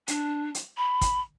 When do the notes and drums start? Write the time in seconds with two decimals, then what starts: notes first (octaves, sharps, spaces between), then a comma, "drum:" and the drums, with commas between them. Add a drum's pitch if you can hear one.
0.08 D4, drum: hi-hat
0.55 drum: hi-hat
0.77 B5
1.01 drum: kick, hi-hat